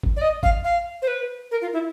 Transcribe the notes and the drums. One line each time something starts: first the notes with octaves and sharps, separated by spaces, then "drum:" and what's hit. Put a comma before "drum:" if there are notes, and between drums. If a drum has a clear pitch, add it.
drum: kick
D5
D#5
F5, drum: kick
F5
C5
B4
A#4
F4
E4